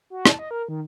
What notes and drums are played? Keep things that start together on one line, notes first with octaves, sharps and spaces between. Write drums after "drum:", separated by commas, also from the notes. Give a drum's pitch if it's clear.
F#4
A5, drum: rim click
D#5
A#4
D#3